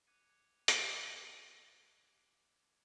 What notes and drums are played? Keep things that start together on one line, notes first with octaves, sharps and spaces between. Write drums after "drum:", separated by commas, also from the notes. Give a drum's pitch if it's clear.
D6 F#6 G#6 C#7 D#7
drum: hi-hat